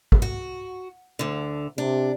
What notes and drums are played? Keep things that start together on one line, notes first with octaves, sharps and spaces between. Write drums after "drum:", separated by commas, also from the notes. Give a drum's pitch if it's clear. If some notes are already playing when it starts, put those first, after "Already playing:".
drum: kick
F#4
D2 D3
C3 D4